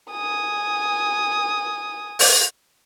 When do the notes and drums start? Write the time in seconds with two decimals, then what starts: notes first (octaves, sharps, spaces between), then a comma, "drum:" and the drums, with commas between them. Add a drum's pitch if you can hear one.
0.11 G#5 D#6
2.19 drum: open hi-hat